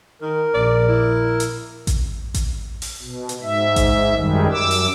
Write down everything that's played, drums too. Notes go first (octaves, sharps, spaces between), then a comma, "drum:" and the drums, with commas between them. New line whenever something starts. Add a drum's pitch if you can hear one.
D#3 A#4
A#1 D5
E4
drum: hi-hat
drum: kick A1, hi-hat
drum: kick A1, hi-hat
drum: open hi-hat
B2
drum: hi-hat
G#2 E5
drum: kick A1, hi-hat
F#2 D#3 G3 G#3
F#2 D6 E6
drum: open hi-hat